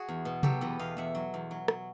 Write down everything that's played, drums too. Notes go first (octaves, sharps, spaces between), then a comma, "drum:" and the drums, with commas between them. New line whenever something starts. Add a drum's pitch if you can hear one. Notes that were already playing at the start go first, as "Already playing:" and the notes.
Already playing: F#4 G#4
E2
B2
F#3 G4 A4, drum: tom C3
E2 A4 B4
E2 D#5 F5
E2 E5 F#5
F#3
E2
F#3
F#3, drum: rim click